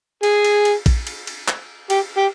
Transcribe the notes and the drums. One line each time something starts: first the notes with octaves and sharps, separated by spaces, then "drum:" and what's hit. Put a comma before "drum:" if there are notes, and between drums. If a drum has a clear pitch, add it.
G#4, drum: cymbal
drum: cymbal
drum: cymbal
drum: kick A#1, cymbal
drum: cymbal
drum: cymbal
drum: clap
G4, drum: cymbal
G4